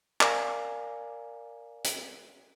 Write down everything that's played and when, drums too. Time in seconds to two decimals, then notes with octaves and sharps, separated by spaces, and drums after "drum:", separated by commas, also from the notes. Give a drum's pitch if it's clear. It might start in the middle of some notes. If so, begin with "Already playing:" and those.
0.21 A#4 D5 F5 G#5 A#5, drum: clap
1.84 drum: hi-hat